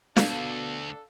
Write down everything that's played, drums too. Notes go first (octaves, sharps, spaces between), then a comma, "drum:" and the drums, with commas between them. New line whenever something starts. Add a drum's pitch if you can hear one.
D2 B2 D4 A4 F5, drum: snare